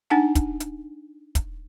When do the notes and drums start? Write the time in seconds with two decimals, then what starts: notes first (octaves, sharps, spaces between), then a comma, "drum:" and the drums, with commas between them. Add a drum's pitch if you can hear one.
0.10 D4 D#4 F#5 G#5 A5
0.35 drum: kick, hi-hat
0.60 drum: hi-hat
1.35 drum: kick, hi-hat